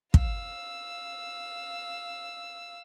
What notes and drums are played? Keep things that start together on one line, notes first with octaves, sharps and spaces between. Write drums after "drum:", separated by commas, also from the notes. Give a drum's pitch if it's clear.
F5 E6, drum: kick